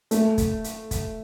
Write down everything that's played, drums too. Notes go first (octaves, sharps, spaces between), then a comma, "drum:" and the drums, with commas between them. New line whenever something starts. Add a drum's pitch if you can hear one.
A3, drum: hi-hat
drum: kick, hi-hat
drum: hi-hat
drum: kick, hi-hat